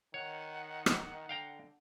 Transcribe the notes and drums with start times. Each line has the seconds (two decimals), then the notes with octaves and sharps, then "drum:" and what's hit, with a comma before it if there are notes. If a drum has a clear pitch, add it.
0.14 D#3 C#5 F#5
0.86 drum: rim click
1.29 D3 F5 G5 A#5